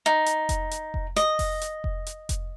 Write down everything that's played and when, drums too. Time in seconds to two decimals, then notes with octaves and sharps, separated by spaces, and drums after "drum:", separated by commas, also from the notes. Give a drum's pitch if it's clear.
0.06 D#4
0.26 drum: hi-hat
0.49 drum: kick F1, hi-hat
0.71 drum: hi-hat
0.94 drum: kick F1
1.16 D#5, drum: hi-hat
1.39 drum: kick F1, open hi-hat
1.61 drum: hi-hat
1.84 drum: kick F1
2.06 drum: hi-hat
2.29 drum: kick F1, hi-hat